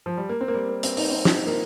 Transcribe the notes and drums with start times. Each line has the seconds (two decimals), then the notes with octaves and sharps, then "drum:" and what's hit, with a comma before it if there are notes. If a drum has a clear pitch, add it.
0.06 F3
0.17 G3
0.29 A#3
0.41 C4
0.48 A#3
0.54 G3
0.69 A#3
0.83 C4, drum: hi-hat
0.97 D#4, drum: open hi-hat
1.11 C4
1.25 D#4, drum: snare
1.36 C4
1.46 A#3